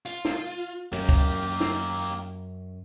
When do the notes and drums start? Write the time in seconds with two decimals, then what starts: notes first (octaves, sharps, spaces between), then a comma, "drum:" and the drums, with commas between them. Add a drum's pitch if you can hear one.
0.06 F4, drum: hi-hat
0.25 drum: snare
0.93 F#2 A#3 G4, drum: cymbal
1.09 drum: kick
1.60 drum: snare